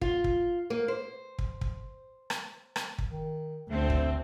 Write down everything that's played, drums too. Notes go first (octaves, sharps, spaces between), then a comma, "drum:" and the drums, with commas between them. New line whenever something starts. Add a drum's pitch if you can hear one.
F4, drum: kick
drum: kick
A#3
C5
drum: kick
drum: kick
drum: rim click
drum: rim click
drum: kick
D#3
D2 A3 C4
drum: kick